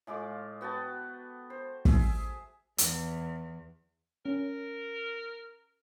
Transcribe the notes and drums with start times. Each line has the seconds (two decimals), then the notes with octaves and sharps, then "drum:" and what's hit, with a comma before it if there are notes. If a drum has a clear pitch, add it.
0.07 A2 G#3 F4 D6
0.61 B3 F#4 G5 A5
1.50 C5
1.85 G#4 E5, drum: kick
2.78 E2, drum: hi-hat
4.26 C#4 A#4